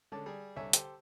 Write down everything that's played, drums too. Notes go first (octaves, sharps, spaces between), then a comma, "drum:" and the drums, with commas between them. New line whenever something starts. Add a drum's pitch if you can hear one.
D3 G#3 C#4 A5 D6
G3 G#4
C2 D3 C#5 E5 G#5
G4 A4 C5, drum: hi-hat